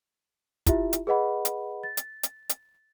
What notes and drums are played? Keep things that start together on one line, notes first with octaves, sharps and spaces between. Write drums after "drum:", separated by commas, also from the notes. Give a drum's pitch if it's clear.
E4 F4 G4 E5, drum: kick, hi-hat
drum: hi-hat
G#4 B4 D#5 F#5 B5
drum: hi-hat
A6
drum: hi-hat
drum: hi-hat
drum: hi-hat